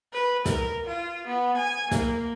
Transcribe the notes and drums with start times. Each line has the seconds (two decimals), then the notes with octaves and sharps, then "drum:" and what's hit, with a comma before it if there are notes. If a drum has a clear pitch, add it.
0.13 B4
0.46 A#4, drum: snare
0.86 F4
1.28 B3
1.57 G#5
1.91 A#3, drum: snare